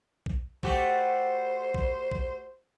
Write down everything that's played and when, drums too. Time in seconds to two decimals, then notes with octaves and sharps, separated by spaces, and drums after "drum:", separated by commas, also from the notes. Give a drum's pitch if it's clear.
0.26 drum: kick
0.63 A3 F#4 G4 C5, drum: kick
1.74 drum: kick
2.11 drum: kick